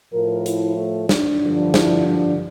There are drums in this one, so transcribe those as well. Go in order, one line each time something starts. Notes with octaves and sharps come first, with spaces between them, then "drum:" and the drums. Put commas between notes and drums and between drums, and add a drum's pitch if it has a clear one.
A2 F3 A#4
E4, drum: hi-hat
A3
D4, drum: snare
G2 D3 F3
E4, drum: snare
D4